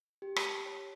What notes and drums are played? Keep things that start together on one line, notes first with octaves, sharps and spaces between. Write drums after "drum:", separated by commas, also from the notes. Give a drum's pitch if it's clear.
G4
A5, drum: rim click
C#5